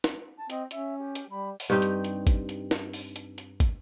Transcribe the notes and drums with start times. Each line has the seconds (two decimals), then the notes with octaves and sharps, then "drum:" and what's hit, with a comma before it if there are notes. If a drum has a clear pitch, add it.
0.04 drum: snare
0.37 A5
0.50 C4 D#5, drum: hi-hat
0.71 C#4 E5, drum: hi-hat
0.99 G4
1.15 drum: hi-hat
1.30 G3 B5
1.60 drum: open hi-hat
1.70 G2 C4 D#4 G4
1.82 drum: hi-hat
2.04 drum: hi-hat
2.27 drum: kick, hi-hat
2.49 drum: hi-hat
2.71 drum: snare
2.93 drum: open hi-hat
3.16 drum: hi-hat
3.38 drum: hi-hat
3.60 drum: kick, hi-hat